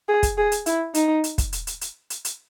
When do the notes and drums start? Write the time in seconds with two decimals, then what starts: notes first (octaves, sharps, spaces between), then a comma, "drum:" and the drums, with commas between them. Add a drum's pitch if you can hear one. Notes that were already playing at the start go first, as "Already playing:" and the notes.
0.09 G#4
0.23 drum: kick, hi-hat
0.38 G#4
0.52 drum: hi-hat
0.66 E4, drum: hi-hat
0.94 D#4, drum: hi-hat
1.24 drum: hi-hat
1.38 drum: kick, hi-hat
1.53 drum: hi-hat
1.67 drum: hi-hat
1.81 drum: hi-hat
2.10 drum: hi-hat
2.25 drum: hi-hat